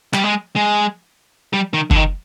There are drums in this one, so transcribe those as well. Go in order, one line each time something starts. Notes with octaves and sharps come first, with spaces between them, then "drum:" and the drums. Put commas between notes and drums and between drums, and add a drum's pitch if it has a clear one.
G3, drum: clap
G#3
G#3
G3
D#3
D3, drum: kick F#1
D#3